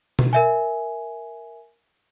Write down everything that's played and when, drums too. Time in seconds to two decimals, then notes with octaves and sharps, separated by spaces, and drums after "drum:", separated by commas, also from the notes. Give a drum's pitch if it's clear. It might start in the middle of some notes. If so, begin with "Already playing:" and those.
0.19 drum: tom B2
0.33 A#4 E5 G#5